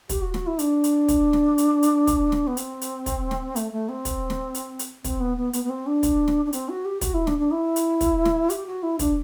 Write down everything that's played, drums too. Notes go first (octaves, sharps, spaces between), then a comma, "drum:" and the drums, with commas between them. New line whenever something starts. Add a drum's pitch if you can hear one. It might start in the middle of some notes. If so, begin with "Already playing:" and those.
G4, drum: kick, hi-hat
F#4
F#4, drum: snare
E4
D4, drum: hi-hat
drum: hi-hat
drum: kick, hi-hat
drum: snare
drum: hi-hat
drum: hi-hat
drum: kick, hi-hat
drum: snare
B3
C4, drum: hi-hat
drum: hi-hat
drum: kick, hi-hat
drum: snare
A3, drum: hi-hat
A3
C4
drum: kick, hi-hat
drum: snare
drum: hi-hat
drum: hi-hat
C4, drum: kick, hi-hat
B3
B3
B3, drum: hi-hat
B3
C4
D4
drum: kick, hi-hat
drum: snare
D4
C4, drum: hi-hat
F#4
G4
F#4, drum: kick, hi-hat
E4
D4, drum: snare
D4
E4
drum: hi-hat
drum: kick, hi-hat
drum: snare
G4, drum: hi-hat
F#4
E4
D4, drum: kick, hi-hat